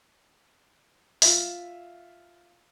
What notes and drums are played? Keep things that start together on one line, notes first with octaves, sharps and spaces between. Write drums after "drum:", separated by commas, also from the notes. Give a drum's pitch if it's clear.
F4 E5, drum: open hi-hat